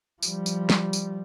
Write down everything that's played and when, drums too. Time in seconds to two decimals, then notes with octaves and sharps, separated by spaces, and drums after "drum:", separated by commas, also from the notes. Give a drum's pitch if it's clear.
0.22 F3 G3, drum: tambourine
0.46 drum: tambourine
0.70 drum: snare
0.93 drum: tambourine